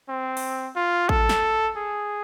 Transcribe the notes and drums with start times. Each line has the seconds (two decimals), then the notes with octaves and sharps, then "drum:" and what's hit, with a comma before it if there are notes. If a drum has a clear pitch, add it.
0.09 C4
0.37 drum: open hi-hat
0.76 F4
1.09 A4, drum: kick A1
1.29 drum: snare
1.76 G#4